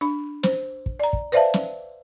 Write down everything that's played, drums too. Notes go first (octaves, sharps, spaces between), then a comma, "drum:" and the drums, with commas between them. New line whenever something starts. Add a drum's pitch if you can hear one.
D4 B5
C5, drum: snare
drum: kick
D5 A#5
drum: kick
B4 C5 D5 E5 F5 A5
drum: snare